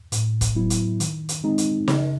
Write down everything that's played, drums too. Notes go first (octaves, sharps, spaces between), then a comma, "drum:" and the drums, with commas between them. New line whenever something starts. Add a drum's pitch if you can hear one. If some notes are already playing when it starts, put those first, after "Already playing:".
A2, drum: hi-hat
drum: kick, hi-hat
F#3 B3 E4
drum: hi-hat
D#3, drum: hi-hat
drum: hi-hat
G#3 C4 D#4
drum: hi-hat
C#3, drum: snare